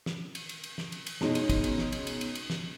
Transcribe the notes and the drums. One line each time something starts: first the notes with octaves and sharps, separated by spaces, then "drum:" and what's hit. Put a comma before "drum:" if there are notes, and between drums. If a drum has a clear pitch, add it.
drum: snare
drum: cymbal
drum: cymbal
drum: cymbal
drum: snare
drum: cymbal
drum: cymbal
B2 G#3 C#4 D#4, drum: snare
drum: cymbal
drum: kick, cymbal
drum: cymbal
drum: snare
drum: cymbal
drum: cymbal
drum: cymbal
drum: cymbal
drum: snare